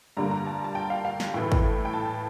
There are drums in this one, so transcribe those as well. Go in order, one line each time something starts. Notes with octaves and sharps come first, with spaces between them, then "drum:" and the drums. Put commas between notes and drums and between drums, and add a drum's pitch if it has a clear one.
G2 D3 G3 A#3 A#5
A#5
A5
A5
G5
F5
F5
drum: snare
A2 E3 A3 G5
drum: kick
G5
A5
A5